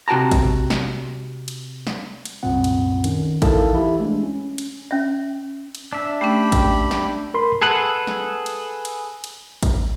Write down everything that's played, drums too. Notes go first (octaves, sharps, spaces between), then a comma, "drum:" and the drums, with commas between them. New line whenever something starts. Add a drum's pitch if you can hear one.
C3 F#4 G5 A5 A#5
drum: kick A1, cymbal
drum: snare
drum: cymbal
drum: snare
drum: cymbal
C2 F#2 A#2 C4 F#5
drum: cymbal
D#3 C#4, drum: cymbal
D#4 E4 A4 A#4 F5 A5, drum: kick A1, cymbal
E3 E4 G4
G#3 A3 D4
C#4
drum: cymbal
C#4 E5
drum: cymbal
D4 E5
A3 C#4 G4 G5 B5
drum: kick A1, cymbal
drum: snare
A#4 B5 C6
G#4 A4 B4 F#5
drum: snare
drum: cymbal
drum: cymbal
drum: cymbal
drum: kick A1, cymbal